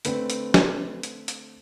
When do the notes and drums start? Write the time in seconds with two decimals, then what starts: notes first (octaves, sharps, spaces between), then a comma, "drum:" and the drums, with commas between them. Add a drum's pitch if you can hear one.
0.05 D3 A3 C4 B4, drum: hi-hat
0.30 drum: hi-hat
0.54 drum: snare
1.03 drum: hi-hat
1.28 drum: hi-hat